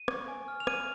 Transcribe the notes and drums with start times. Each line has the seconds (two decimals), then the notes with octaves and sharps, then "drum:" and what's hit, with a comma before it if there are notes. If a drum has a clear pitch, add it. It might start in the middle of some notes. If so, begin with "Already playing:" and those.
Already playing: D#7
0.08 C#6, drum: rim click
0.28 G#5
0.48 F6
0.60 F7
0.67 F6 D#7, drum: rim click